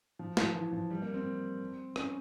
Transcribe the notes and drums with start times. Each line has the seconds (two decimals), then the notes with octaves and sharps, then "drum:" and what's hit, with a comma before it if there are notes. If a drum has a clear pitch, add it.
0.19 F3
0.37 F3, drum: snare
0.55 E3
0.73 F3
0.90 G3
1.02 A#3
1.14 C4
1.96 C#4, drum: rim click